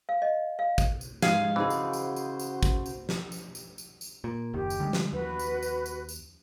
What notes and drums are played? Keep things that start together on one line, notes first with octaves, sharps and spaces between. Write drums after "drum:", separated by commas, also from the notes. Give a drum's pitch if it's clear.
F5
D#5
F5
drum: kick, tambourine
drum: tambourine
G#2 G#3 G#4 F5, drum: snare
C#3 E3 D#4 F#4 G#4 C5
drum: tambourine
drum: tambourine
drum: tambourine
drum: tambourine
drum: kick, tambourine
drum: tambourine
drum: snare
drum: tambourine
drum: tambourine
drum: tambourine
drum: tambourine
A#2
F#1 D#2 D#3 G4
drum: tambourine
D3 G3 G#3
drum: snare
D#2 F#4 B4
drum: tambourine
drum: tambourine
drum: tambourine
drum: tambourine